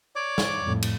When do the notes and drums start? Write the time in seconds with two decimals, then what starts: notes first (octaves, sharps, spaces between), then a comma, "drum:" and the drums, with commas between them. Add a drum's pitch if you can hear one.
0.16 C#5 D5 D6
0.38 drum: snare
0.64 F2 A2
0.83 drum: cymbal